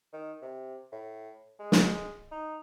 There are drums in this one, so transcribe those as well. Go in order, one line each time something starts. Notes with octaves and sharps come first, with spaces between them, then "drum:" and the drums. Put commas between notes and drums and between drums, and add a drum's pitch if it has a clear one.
D#3
C3
A2
G#3
drum: snare
D#4